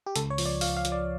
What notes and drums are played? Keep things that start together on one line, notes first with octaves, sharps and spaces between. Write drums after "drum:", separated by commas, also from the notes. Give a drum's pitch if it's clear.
G4
C#2 A4, drum: hi-hat
C#5
F3, drum: open hi-hat
D5
F3 F5, drum: open hi-hat
F5
F3, drum: hi-hat
D5